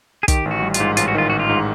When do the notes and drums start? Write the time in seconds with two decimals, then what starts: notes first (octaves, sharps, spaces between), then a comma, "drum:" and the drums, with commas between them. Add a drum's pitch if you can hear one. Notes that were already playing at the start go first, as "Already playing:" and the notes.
0.23 G#4
0.28 D#3 G4, drum: kick, hi-hat
0.46 A1
0.51 F#4
0.62 G3
0.74 F4, drum: hi-hat
0.80 G#2
0.97 A1 F4, drum: hi-hat
1.08 F#4
1.14 D#3 F4
1.30 A1 F#4
1.39 F4
1.49 G#2